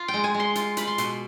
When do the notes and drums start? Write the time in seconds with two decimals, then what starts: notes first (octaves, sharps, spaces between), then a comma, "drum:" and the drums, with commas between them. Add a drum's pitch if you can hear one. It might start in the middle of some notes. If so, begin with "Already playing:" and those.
Already playing: F4
0.08 G5
0.14 G#3
0.24 G#5
0.34 G#3
0.40 C6
0.55 F4, drum: hi-hat
0.77 F4 B5, drum: hi-hat
0.87 C6
0.98 B2, drum: hi-hat